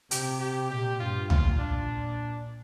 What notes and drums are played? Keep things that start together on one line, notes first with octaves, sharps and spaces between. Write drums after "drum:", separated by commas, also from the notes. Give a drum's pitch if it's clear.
C3 G4, drum: hi-hat
G4
A#2 G4
G2 F4
A#2 F4, drum: tom B1
D4